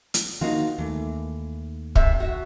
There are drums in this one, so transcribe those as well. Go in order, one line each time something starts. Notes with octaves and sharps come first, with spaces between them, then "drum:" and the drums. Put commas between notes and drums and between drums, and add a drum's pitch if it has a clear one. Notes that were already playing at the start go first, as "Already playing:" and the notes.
drum: hi-hat
D#3 F3 A#3 D#4 F4 F#4
D#2 D#3 E3 A3
A2 C3 E5, drum: kick
F#4 E5